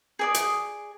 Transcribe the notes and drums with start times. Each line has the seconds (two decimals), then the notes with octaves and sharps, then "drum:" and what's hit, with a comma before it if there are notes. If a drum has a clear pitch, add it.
0.19 G#4 D5 D#6
0.34 drum: hi-hat